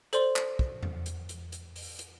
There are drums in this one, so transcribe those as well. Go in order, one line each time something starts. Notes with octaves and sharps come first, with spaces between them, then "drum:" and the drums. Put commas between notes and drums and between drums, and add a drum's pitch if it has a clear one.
A4 C5 D5 C6, drum: hi-hat
drum: clap
drum: kick
drum: tom E2
drum: hi-hat
drum: hi-hat
drum: hi-hat
drum: open hi-hat
drum: hi-hat